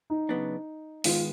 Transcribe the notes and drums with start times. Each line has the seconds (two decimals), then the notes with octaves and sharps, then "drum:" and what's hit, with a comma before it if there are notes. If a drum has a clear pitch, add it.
0.10 D#4
0.29 C#3 F#3 B3 D4
1.04 G#2 D#3 G#3 B3 F4, drum: open hi-hat